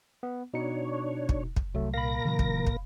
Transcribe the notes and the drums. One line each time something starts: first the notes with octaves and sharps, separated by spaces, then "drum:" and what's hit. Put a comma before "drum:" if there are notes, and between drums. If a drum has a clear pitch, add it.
B3
B2 D4 D#4 C#5 C#7
drum: kick
drum: kick
C2 F#3 A3
A#2 A#4 F5 B5 A#6
C#3 E3 F#3
drum: kick
drum: kick